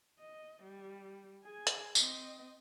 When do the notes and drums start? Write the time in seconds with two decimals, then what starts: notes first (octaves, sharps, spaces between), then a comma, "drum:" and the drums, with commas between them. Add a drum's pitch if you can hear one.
0.19 D#5
0.64 G3
1.44 G#4 G#5
1.67 drum: hi-hat
1.95 C4 D#5, drum: tambourine